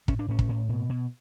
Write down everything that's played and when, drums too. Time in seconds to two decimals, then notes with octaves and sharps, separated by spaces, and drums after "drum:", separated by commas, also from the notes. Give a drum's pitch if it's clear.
0.08 A2 C#4, drum: kick
0.19 D4
0.28 A2 C#4
0.39 drum: kick
0.49 A2
0.69 B2
0.89 B2